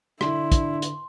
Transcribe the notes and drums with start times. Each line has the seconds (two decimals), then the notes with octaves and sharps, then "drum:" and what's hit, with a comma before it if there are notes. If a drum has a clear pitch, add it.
0.21 D3 D4 E4 C6, drum: rim click
0.52 drum: kick, hi-hat
0.82 drum: hi-hat